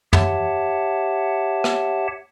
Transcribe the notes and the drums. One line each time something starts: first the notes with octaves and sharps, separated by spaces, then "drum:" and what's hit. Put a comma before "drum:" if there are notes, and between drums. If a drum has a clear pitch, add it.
G4 C#5 E5 F#5 A5, drum: tom
drum: rim click